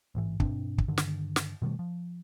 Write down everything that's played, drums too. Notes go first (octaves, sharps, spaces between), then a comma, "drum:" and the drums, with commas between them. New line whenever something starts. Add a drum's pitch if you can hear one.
A1 G#2 E3
G2 B2 C4 D4, drum: kick
drum: kick
G2 D3 D#3
drum: snare
drum: snare
B2 D#3 G3 A3
F3